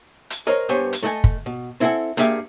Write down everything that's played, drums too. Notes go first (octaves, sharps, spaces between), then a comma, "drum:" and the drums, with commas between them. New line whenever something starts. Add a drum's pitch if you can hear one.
drum: hi-hat
A#4 C5 C#5 D#5
G2 B3 C5 C#5 G#5
drum: hi-hat
A3 A4 D#5 F#5 G#5
drum: kick
B2
C4 E4 A4 E5 F#5 G#5
G2 A#3 G#4 E5 G5, drum: hi-hat